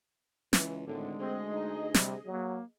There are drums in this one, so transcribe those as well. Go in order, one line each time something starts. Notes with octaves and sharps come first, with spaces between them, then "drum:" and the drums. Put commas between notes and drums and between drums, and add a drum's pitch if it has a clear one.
C#2 E3, drum: snare
G#1 A2 D3 G#3
D2 C4 G#4 D#5
D#4
C3 G3, drum: snare
F#3 A#3